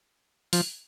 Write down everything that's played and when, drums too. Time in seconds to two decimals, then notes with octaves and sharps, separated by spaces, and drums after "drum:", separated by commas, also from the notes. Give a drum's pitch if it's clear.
0.53 F3, drum: open hi-hat